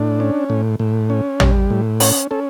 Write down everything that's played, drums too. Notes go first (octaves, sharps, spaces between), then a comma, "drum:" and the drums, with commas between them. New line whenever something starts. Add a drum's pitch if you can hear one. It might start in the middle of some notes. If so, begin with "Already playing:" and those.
Already playing: A2 D4
C#4
A2
A2
C#4
G3, drum: tom
A2
C#4 C#5, drum: open hi-hat
C#4 A4